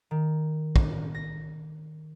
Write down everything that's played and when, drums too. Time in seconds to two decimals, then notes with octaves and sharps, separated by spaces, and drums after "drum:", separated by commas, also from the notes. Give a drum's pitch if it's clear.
0.11 D#3
0.76 drum: kick
1.15 A#6